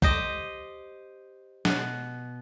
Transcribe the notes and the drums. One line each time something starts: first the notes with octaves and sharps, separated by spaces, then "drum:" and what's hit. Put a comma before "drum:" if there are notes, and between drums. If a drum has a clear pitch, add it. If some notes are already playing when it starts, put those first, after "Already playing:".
G4 C5 D#5, drum: kick
B2, drum: snare